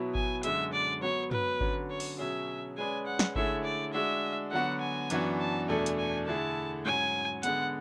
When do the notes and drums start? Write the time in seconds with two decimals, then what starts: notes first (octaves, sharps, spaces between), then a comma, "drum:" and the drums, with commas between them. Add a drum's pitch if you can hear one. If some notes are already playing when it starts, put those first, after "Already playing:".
Already playing: B2 F#3 B3 E4
0.15 G#5, drum: kick G#1
0.43 F#2 D3 G#3 E5, drum: hi-hat
0.73 D5
1.02 F#3 B3 F#4 C#5
1.31 B4, drum: tom
1.61 D3 F#3 C#4, drum: kick G#1
1.90 C#5
2.00 drum: open hi-hat
2.18 B2 F#3 C#4 G#4 E5
2.77 G#3 C#4 G#4 B4 D5 G#5
3.06 F#5
3.19 drum: snare
3.35 D3 A3 E4 G#4 C#5 E5, drum: kick G#1
3.64 D5
3.93 G#3 D4 F#4 E5
4.52 D3 F#3 B3 F#4 F#5
4.81 G#5
5.10 F#2 E3 B3 D4 F#4, drum: hi-hat
5.40 A5
5.68 E2 B2 A3 D4 A4 G#5
5.86 drum: hi-hat
5.98 G#5
6.27 D3 A3 E4 G#4 A5
6.85 G#2 F#3 C#4 F#4 C#5 G#5
7.43 D3 G#3 B3 F#5, drum: hi-hat